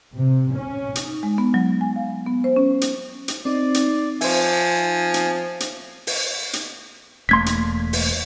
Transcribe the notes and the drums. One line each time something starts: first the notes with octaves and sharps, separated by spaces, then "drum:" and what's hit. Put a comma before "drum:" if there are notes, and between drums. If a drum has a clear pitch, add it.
C3
C#4
drum: hi-hat
D#4
G#3
B3
F#3
G#5
F5
B3
C5
C#4
drum: hi-hat
drum: hi-hat
C4 D#4 D5
drum: hi-hat
F3 C5 E5 G#5, drum: open hi-hat
drum: hi-hat
drum: hi-hat
drum: open hi-hat
drum: hi-hat
E1 A3 A#3 C6 G#6 B6
drum: hi-hat
drum: open hi-hat